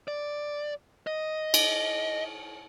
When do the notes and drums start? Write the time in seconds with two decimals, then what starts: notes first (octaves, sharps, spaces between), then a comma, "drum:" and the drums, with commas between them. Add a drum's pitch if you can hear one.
0.08 D5
1.07 D#5
1.54 drum: cymbal